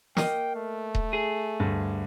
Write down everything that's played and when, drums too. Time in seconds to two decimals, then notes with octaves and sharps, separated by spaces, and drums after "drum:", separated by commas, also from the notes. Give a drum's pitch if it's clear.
0.17 A#3 D#5 G5, drum: snare
0.56 A3
0.95 drum: kick D#1
1.13 G#4
1.60 D2 G2